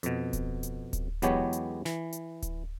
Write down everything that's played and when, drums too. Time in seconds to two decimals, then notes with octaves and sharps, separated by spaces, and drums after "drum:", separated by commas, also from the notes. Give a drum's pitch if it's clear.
0.03 F2 B2, drum: hi-hat
0.33 drum: kick D1, hi-hat
0.63 drum: hi-hat
0.93 drum: kick D1, hi-hat
1.22 E2 F#3 G#3 B3 G4 C#5, drum: hi-hat
1.53 drum: hi-hat
1.85 E3, drum: snare
2.13 drum: hi-hat
2.42 drum: kick D1, hi-hat